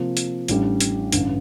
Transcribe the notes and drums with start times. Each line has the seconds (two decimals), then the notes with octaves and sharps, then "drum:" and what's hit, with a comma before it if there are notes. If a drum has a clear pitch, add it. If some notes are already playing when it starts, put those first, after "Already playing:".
Already playing: C3 F3 A#3
0.17 drum: hi-hat
0.48 A1 A2 G3 D4 G4, drum: hi-hat
0.80 drum: hi-hat
1.12 A1 G2 D3, drum: hi-hat